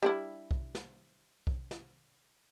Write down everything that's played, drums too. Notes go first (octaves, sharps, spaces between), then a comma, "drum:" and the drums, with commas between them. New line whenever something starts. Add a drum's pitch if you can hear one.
G3 D4 E4
drum: kick B1
drum: snare
drum: kick B1
drum: snare